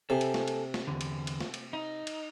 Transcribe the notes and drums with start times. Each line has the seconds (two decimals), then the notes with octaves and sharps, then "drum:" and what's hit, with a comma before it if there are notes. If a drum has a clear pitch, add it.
0.10 C3 A4 G#5
0.21 drum: cymbal
0.34 drum: snare
0.48 drum: cymbal
0.74 drum: snare
0.87 E2 D3
1.01 drum: cymbal
1.27 drum: cymbal
1.41 drum: snare
1.54 drum: cymbal
1.73 D#4
2.07 drum: cymbal